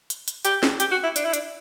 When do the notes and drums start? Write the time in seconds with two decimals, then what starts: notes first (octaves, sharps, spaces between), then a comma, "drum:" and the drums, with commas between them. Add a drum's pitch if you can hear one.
0.10 drum: hi-hat
0.28 drum: hi-hat
0.45 G4, drum: hi-hat
0.63 drum: snare
0.80 G4, drum: hi-hat
0.91 F#4
1.04 E4
1.16 D4, drum: hi-hat
1.25 E4
1.34 D4, drum: hi-hat